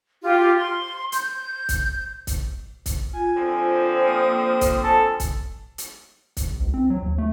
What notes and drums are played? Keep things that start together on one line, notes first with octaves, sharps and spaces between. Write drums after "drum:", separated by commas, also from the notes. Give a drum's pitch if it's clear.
F4 G4
C6
G6, drum: hi-hat
drum: kick, hi-hat
drum: kick, hi-hat
drum: kick, hi-hat
F4 G#5
D3 F3 C4
A#3 D#6
drum: kick, hi-hat
A4 G#5 A5
drum: kick, hi-hat
drum: hi-hat
drum: kick, hi-hat
A#1
C#2
C4
F#3
D#2
A3